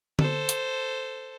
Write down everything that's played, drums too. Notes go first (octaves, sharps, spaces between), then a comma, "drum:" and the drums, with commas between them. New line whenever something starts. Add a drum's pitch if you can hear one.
A4 C5, drum: tom D3
drum: hi-hat